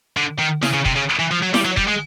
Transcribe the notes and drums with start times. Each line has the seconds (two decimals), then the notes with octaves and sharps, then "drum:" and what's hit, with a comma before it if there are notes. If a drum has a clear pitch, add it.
0.17 D3
0.39 D#3
0.63 C#3, drum: snare E4
0.74 C#3
0.85 C3, drum: kick
0.96 C#3
1.19 E3
1.31 F3
1.43 F#3
1.54 G3, drum: snare E4
1.65 F#3
1.77 G3, drum: kick
1.88 G#3